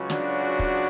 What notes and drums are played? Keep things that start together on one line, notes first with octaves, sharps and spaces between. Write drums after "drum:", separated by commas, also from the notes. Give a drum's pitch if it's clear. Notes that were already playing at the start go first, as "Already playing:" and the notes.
Already playing: C#2 C#3 F#3
D4 F#4, drum: snare
drum: kick